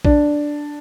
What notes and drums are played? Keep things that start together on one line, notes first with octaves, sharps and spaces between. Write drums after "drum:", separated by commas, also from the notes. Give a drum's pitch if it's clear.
D4, drum: kick A#1